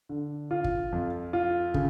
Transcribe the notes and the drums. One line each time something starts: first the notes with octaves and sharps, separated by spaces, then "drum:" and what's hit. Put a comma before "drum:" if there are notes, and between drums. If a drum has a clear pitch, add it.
D3
F4
drum: kick
F2
F4
C#3, drum: kick